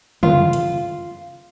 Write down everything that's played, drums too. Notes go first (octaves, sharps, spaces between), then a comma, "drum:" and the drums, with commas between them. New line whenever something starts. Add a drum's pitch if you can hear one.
F4, drum: tom
drum: hi-hat